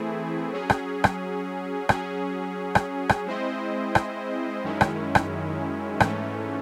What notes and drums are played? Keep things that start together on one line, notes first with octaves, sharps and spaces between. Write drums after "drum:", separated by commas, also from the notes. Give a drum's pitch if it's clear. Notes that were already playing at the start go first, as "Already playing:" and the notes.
Already playing: E3 A3 C4 E4 G#4
F#3 C#4 G#4
drum: rim click
drum: rim click
F#3 C#4 G#4, drum: rim click
drum: rim click
drum: rim click
G#3 C4 E4 C5 D#5
drum: rim click
F#2 D#3 G#3 C#4 E4
drum: rim click
drum: rim click
G#2 E3 A3 C#4, drum: rim click